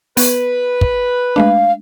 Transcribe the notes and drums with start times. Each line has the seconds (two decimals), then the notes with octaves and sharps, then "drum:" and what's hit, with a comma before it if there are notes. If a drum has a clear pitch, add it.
0.17 B3 B4, drum: open hi-hat
0.81 drum: kick
1.36 G#3 A3 D4 F5